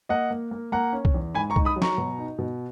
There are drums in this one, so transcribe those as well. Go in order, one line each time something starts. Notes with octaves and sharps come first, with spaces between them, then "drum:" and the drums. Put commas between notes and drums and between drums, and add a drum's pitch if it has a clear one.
A#3 D#5 F#5
A#3
A#3
A#3 F#5 A#5
C#4
drum: kick C2
E2
G#2 G#5 B5
A#5 C#6
D#4, drum: kick C2
B5 D#6
F#3
A#5 C#6, drum: snare
B2
D#4
B2